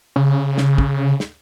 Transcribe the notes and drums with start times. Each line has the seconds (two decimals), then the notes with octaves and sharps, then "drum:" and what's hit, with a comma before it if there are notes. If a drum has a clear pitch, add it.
0.16 C#3
0.58 drum: snare
0.78 drum: kick
1.20 drum: snare